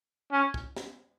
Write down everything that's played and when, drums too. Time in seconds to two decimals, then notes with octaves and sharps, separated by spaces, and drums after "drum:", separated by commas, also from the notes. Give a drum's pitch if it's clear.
0.32 C#4
0.54 drum: kick
0.76 drum: snare